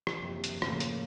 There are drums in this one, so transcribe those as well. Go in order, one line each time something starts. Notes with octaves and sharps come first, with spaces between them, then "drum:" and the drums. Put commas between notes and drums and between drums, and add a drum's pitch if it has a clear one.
drum: rim click
F#1 D#2 C3 E3 F3 C4
drum: hi-hat
F2 A2 C#3 F3 A3 A#3, drum: rim click
drum: hi-hat